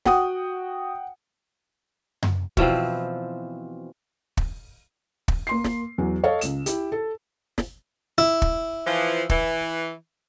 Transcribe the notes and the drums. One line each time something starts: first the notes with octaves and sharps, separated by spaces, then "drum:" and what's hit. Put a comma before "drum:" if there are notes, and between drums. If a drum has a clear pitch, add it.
F#4 F#5 G5 D#6, drum: snare
drum: tom F#2
B2 E3 F3 C4, drum: kick
drum: kick
drum: kick
A#3 C6 C7
drum: snare
E2 F#3
A4 C#5 D#5 F5
C#2 E7, drum: hi-hat
E4 G4, drum: hi-hat
A4
drum: snare
E4
drum: kick
E3 F3
E3, drum: kick